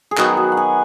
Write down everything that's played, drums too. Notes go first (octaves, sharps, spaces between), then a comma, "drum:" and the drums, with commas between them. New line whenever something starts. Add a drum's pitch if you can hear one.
G#4
D#3 F#3 B3 F#4, drum: clap
F#4
F#5
G#5